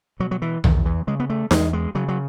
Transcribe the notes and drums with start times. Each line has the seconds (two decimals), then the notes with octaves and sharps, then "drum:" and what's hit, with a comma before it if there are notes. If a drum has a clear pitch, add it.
0.20 B2 F#3
0.31 F#3
0.42 E3
0.64 E2 D#3, drum: tom B1
0.86 E3
1.07 C#3 G#3
1.20 B3
1.30 A3
1.51 E2 G#3, drum: snare D#4
1.73 G#3
1.95 C#3 F#3
2.08 F#3